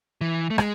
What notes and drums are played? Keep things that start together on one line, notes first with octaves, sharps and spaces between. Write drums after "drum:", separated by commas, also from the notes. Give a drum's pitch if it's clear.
E3
A3
G#3, drum: rim click